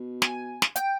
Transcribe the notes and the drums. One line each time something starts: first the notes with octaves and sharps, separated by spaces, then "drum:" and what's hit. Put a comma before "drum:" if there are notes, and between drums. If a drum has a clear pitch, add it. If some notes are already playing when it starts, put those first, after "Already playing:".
Already playing: B2
G#5, drum: snare
drum: snare
G5, drum: hi-hat